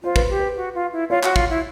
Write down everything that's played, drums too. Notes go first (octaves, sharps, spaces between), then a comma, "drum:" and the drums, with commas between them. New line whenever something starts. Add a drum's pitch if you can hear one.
F4 C5
B4, drum: kick
G4
B4
F#4
F4
E4
F4 C#5
F#4, drum: clap
F4, drum: kick
E4